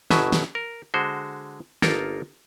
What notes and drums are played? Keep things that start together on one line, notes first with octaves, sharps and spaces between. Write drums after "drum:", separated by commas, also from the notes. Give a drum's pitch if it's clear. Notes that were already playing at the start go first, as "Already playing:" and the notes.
G1 B2 F#3 E5 G#5, drum: snare
drum: snare
A#4
D3 G#3 F#4 C5
G1 A#3 D#4 F4 A4 A#4, drum: snare